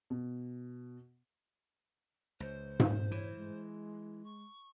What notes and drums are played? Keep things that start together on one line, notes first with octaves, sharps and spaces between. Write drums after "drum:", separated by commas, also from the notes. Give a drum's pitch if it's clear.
B2
C#2 C5
drum: tom G#2
E3 C#5
G#3
C#6